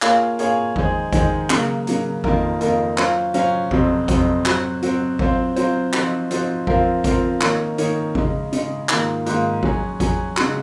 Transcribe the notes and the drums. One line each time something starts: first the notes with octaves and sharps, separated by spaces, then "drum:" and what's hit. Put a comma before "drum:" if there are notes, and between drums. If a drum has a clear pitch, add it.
A#3 F4 G#4 C#5 F5, drum: clap
A#3 F4 G#4 C#5 F5, drum: hi-hat
D#3 G#3 D#4 G#4 C5, drum: kick G#1
D#3 G#3 D#4 G#4 C5, drum: kick G#1, hi-hat
C#3 F#3 A#3, drum: clap
C#3 F#3 A#3, drum: hi-hat
F2 D#3 A#3 F4 A#4, drum: kick G#1
F2 D#3 A#3 F4 A#4, drum: hi-hat
F#3 C#4 F4 C5 F5, drum: clap
F#3 C#4 F4 C5 F5, drum: hi-hat
F2 C3 F#3 C4, drum: kick G#1
F2 C3 F#3 C4, drum: kick G#1, hi-hat
F#3 C4 F#4, drum: clap
F#3 C4 F#4, drum: hi-hat
F#3 C4 F4 C5, drum: kick G#1
F#3 C4 F4 C5, drum: hi-hat
F3 C4 D#4 F#4, drum: clap
F3 C4 D#4 F#4, drum: hi-hat
F3 C4 F4 A#4 F5, drum: kick G#1
F3 C4 F4 A#4 F5, drum: kick G#1, hi-hat
D#3 A#3 D#4 A#4 C#5, drum: clap
D#3 A#3 D#4 A#4 C#5, drum: hi-hat
C#3 G#3 D#4, drum: kick G#1
C#3 G#3 D#4, drum: hi-hat
G#2 D#3 A#3 F4, drum: clap
G#2 D#3 A#3 F4, drum: hi-hat
F#3 C#4 G#4, drum: kick G#1
F#3 C#4 G#4, drum: kick G#1, hi-hat
C#3 G#3 D#4 F#4, drum: clap